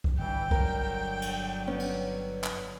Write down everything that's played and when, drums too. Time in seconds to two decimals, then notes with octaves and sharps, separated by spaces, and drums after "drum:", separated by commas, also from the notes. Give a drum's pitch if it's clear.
0.04 drum: kick B1
0.19 G1 G2 E3 G5
0.51 D3 F#3 A#4, drum: kick B1
1.22 drum: cymbal
1.67 B3 C#4
1.80 drum: cymbal
2.44 drum: clap